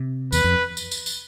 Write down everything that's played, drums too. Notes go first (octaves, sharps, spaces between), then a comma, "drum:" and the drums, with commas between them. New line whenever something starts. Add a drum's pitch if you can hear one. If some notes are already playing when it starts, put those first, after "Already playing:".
Already playing: C3
E2 B4, drum: tambourine
F2
drum: tambourine
drum: tambourine
drum: tambourine